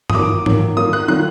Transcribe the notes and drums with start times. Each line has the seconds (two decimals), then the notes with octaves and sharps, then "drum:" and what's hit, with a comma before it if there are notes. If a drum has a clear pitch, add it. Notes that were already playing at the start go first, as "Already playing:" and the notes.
0.10 D#6, drum: tom G2
0.14 D#3 F#3 A#3 D6
0.46 D#3 F#3 A#3, drum: tom G#2
0.77 D#3 F#3 A#3 D#6
0.93 F#6
1.08 D#3 F#3 A#3 F#6